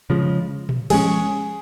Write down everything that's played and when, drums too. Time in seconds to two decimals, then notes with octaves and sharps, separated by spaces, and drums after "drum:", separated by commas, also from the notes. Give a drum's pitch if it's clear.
0.10 C#3 F3 G#3
0.69 drum: tom A#2
0.90 F3 G#3 C#4 G#4, drum: cymbal